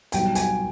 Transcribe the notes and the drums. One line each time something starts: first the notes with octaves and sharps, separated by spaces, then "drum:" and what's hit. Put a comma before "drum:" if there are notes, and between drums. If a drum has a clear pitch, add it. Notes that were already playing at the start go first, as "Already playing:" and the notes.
B1 B2 G3 G5, drum: hi-hat
G#5, drum: hi-hat